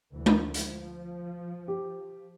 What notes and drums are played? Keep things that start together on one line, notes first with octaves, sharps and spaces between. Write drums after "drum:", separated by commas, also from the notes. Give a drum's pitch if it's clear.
D2 E3
drum: tom G#3
F3, drum: hi-hat
G4